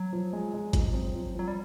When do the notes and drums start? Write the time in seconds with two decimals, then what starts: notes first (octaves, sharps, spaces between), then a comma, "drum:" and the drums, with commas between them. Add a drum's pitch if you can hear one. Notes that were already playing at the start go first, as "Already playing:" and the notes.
Already playing: F#3
0.13 F3
0.33 G#3
0.54 G#3
0.73 F3, drum: kick G#1, hi-hat
0.94 C4
1.15 F3
1.35 F3 F#3
1.48 G3